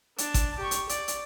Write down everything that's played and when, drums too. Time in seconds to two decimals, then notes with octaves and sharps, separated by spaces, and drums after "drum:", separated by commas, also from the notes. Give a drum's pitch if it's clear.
0.18 D4 A5, drum: hi-hat
0.34 drum: kick G#1, hi-hat
0.59 G4 C#6
0.71 drum: hi-hat
0.89 D5, drum: hi-hat
1.08 drum: hi-hat